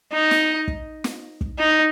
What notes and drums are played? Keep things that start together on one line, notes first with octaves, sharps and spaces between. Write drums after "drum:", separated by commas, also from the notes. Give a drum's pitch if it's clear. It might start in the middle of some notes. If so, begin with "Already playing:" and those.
D#4
drum: snare
drum: kick
drum: snare
drum: kick
D#4